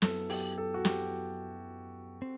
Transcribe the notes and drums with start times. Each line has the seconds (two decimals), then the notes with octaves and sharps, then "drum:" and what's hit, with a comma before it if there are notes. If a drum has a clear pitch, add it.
0.02 F#2 F#3 B3 E4 A4, drum: snare
0.30 G4, drum: open hi-hat
0.58 A4
0.74 F#4
0.85 G4, drum: snare
2.22 C4